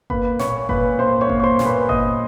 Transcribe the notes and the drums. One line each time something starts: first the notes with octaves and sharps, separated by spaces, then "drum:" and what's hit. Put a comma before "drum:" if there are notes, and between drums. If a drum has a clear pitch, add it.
A#3 B4 B5, drum: kick G1
A#2 C#5 C#6, drum: snare
A#2 B4 B5, drum: kick G1
A#3 C5 C6
C#5 C#6
A#3, drum: kick G1
C#6
C5 C6
A#2, drum: snare
B4 B5
A#3 D#5 D#6, drum: kick G1